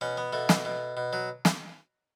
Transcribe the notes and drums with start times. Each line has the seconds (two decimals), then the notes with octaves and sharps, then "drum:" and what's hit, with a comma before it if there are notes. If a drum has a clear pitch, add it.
0.01 B2 C#4
0.17 B3
0.33 B2 A3
0.49 drum: snare
0.65 B2
0.97 B2
1.13 F#3
1.45 drum: snare